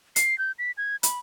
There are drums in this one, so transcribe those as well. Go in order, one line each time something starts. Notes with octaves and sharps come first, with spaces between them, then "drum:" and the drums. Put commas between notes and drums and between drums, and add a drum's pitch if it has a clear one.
C7, drum: hi-hat
G6
B6
G#6
B5, drum: hi-hat